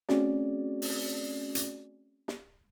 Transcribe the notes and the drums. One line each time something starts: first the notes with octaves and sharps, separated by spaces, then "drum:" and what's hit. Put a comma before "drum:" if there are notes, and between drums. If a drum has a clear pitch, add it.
A3 C4 C#4 F#4 G#4 D5, drum: snare
drum: open hi-hat
drum: hi-hat
drum: snare